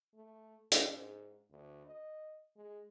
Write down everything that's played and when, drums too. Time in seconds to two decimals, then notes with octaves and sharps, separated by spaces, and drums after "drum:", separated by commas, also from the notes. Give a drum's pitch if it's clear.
0.15 A3
0.72 G#2, drum: hi-hat
1.50 D2
1.87 D#5
2.57 G#3